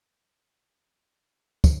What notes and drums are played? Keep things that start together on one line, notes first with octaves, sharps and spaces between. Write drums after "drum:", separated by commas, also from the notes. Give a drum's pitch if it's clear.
D#3 E3 C4 G4
G#2 D#3
G2 B2 D3 D#3
C#3 D#4 G#4 A4
drum: kick, tambourine